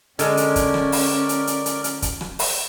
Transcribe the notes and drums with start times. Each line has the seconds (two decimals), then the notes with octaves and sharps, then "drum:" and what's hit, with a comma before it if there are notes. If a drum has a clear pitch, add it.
0.19 D3 G#3 C#4 A#4 D5, drum: hi-hat
0.37 drum: hi-hat
0.56 drum: kick, hi-hat
0.74 drum: rim click
0.92 drum: open hi-hat
1.29 drum: hi-hat
1.47 drum: hi-hat
1.66 drum: hi-hat
1.84 drum: hi-hat
2.02 drum: kick, hi-hat
2.21 drum: rim click
2.39 drum: open hi-hat